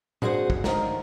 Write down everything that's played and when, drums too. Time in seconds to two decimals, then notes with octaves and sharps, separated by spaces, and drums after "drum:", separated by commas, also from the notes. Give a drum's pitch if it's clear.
0.22 D4 F#4 G#4 C5 F5 F#5, drum: tom A2
0.50 drum: kick
0.64 D3 D#3 F3 A#4, drum: snare